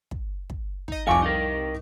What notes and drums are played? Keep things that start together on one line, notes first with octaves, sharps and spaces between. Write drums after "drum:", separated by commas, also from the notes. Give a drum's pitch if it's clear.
drum: kick
drum: kick
D#4 D#5, drum: kick
C2 F2 F3 F5 G#5 C#6 D6 C#7
C2 D#4 A#4